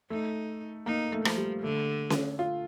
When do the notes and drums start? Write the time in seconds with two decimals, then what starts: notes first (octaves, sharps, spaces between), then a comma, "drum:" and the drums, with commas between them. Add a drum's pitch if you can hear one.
0.10 A3 D#4
0.86 A#3 D#4
1.12 A3
1.25 F3, drum: rim click
1.37 G3
1.62 D3 A3
2.10 drum: snare C#4
2.39 F4